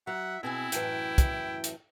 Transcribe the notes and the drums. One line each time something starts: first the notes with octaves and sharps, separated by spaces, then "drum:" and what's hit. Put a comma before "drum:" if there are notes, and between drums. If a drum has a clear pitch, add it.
F#3 E5 F#5
B2 C4 E4 G#4 G#5
F#2 A2 E3 G5, drum: hi-hat
drum: kick, hi-hat
drum: hi-hat